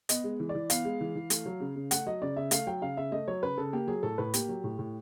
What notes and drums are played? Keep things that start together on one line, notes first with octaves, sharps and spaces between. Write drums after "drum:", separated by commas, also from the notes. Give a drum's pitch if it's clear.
B3 D#5, drum: hi-hat
G#3
E3
D5
E3
B3 F5, drum: hi-hat
G#3
E3
E3
A3, drum: hi-hat
F#3
C#3
C#3
A3 F#5, drum: hi-hat
F#3 D#5
C#3 D5
C#3 E5
A3 F5, drum: hi-hat
F#3 G5
C#3 F5
C#3 E5
A3 D#5
F#3 C#5
C#3 B4
C#3 A4
A#3 G4
F#3 G#4
A2 A4
A2 B4
A#3 G4, drum: hi-hat
F#3
A2
A2